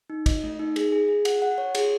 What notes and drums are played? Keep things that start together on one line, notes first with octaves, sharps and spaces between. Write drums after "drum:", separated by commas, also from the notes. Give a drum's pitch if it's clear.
D#4
D#5, drum: kick, cymbal
A3
D#4
G#4, drum: cymbal
G#4
G#4
F#5, drum: cymbal
F#5
C#5
G#4, drum: cymbal